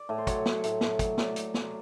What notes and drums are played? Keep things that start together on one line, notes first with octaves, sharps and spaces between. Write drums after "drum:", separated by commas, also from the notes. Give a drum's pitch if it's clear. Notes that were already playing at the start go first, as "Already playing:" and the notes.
Already playing: D5
A2
C5
F#3 C#5, drum: kick, hi-hat
F#3, drum: snare
A2, drum: hi-hat
A2, drum: snare
F#3 D5, drum: kick, hi-hat
F#3 D5, drum: snare
drum: hi-hat
drum: snare